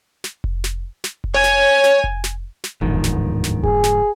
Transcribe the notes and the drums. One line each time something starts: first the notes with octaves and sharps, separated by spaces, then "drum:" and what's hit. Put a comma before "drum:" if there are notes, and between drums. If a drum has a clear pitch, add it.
drum: snare
drum: kick F1
drum: snare
drum: snare
drum: kick F1
C#5 G#5
drum: snare
drum: snare
drum: kick F1
drum: snare
drum: snare
D1 E2 G#2 D3 D#3 F3, drum: kick F1
drum: snare
drum: snare
G#4, drum: kick F1
drum: snare